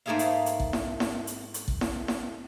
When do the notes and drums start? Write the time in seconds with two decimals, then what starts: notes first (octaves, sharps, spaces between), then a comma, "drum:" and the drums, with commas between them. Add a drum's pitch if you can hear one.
0.06 G#2 A3 A#3 G#4 E5 F5
0.19 drum: hi-hat
0.46 drum: hi-hat
0.60 drum: kick
0.73 drum: snare E4
1.00 drum: snare E4
1.27 drum: hi-hat
1.54 drum: hi-hat
1.68 drum: kick
1.81 drum: snare E4
2.08 drum: snare E4